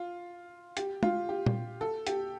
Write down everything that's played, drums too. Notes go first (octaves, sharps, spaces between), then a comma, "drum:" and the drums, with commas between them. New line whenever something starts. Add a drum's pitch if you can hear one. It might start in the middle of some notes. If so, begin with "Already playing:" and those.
Already playing: F4
G4, drum: hi-hat
F4, drum: tom
G4
drum: tom A#2
A4
G4, drum: hi-hat